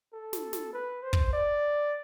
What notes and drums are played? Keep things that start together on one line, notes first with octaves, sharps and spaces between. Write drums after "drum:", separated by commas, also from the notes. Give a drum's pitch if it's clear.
A4
drum: snare
drum: snare
B4
C5
drum: kick
D5